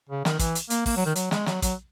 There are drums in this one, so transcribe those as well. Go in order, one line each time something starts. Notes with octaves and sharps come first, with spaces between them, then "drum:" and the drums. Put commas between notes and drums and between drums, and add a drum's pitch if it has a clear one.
C#3
D#3, drum: snare
E3, drum: kick, hi-hat
drum: hi-hat
A#3, drum: hi-hat
A#3, drum: kick, open hi-hat
F#3
D#3
F#3, drum: hi-hat
G#3, drum: snare
F#3, drum: snare
F#3, drum: kick, hi-hat